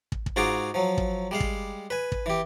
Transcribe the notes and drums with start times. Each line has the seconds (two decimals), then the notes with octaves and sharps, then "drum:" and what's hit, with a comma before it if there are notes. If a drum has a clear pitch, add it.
0.12 drum: kick
0.26 drum: kick
0.36 G#2 F4 F#4 G#4 A#5 D6
0.74 F3 F#3
0.98 drum: kick
1.31 G3 G#3 F5
1.40 drum: kick
1.90 B4 G#5
2.12 drum: kick
2.26 E3 G4